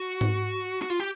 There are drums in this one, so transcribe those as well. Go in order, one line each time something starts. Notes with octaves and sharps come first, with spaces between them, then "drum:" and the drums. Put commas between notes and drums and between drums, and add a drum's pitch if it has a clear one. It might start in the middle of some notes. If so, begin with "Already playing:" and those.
Already playing: F#4
drum: tom G#2
F#4
F4
G4